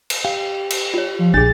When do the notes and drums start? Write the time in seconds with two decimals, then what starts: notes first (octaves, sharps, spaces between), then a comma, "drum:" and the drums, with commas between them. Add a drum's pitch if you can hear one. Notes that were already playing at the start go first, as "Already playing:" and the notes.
0.10 drum: cymbal
0.25 G4 F5
0.70 drum: cymbal
0.94 F4 C#5
1.19 F3
1.34 A#1 D4 G#4 A6